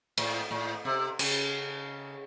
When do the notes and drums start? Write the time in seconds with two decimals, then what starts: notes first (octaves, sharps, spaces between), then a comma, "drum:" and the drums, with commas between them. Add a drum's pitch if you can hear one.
0.18 A2, drum: cymbal
0.51 A2
0.85 C3
1.19 C#3, drum: cymbal